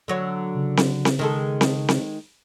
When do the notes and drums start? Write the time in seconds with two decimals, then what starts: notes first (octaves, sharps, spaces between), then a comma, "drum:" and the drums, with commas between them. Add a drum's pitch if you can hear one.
0.08 D3 F#3 C#5
0.55 C#3
0.77 drum: snare C4
1.05 drum: snare C4
1.19 D#3 G#3 A4
1.61 drum: snare C4
1.88 drum: snare C4